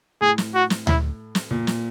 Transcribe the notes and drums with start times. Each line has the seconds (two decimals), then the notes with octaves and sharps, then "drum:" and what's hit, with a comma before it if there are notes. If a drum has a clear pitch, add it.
0.21 A2 G#4
0.38 drum: snare
0.54 F#4
0.70 drum: snare
0.87 E4, drum: tom D2
1.35 drum: snare
1.51 A#2
1.67 drum: snare